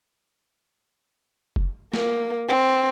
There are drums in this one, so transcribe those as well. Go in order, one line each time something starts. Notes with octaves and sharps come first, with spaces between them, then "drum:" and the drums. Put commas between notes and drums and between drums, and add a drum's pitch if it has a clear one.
drum: kick
A#3, drum: snare
C4